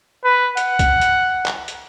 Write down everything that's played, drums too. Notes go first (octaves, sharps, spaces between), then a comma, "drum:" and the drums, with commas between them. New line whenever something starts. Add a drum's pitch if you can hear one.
B4
F#5, drum: hi-hat
drum: kick, hi-hat
drum: hi-hat
drum: clap
drum: hi-hat